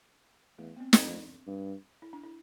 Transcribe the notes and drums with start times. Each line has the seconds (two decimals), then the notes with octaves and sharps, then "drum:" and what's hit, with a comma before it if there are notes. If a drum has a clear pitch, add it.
0.58 E2 A3
0.76 B3
0.80 C4
0.93 C4, drum: snare
1.03 F2 D4
1.47 G2
2.02 E4
2.13 D4
2.23 E4